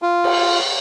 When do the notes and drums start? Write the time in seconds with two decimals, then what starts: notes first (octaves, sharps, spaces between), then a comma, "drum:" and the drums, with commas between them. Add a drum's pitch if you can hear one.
0.02 F4
0.24 drum: cymbal